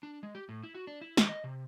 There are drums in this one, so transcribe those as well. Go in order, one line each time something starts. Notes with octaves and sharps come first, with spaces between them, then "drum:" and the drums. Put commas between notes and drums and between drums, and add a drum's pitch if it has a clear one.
D4
G#3
G4
A2
E4
F#4
D4
E4
D#3, drum: snare
D#5
C3